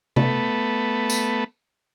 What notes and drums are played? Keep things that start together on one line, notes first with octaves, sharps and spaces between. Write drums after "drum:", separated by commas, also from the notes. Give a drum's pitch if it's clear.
A3 B3, drum: tom C3
drum: tambourine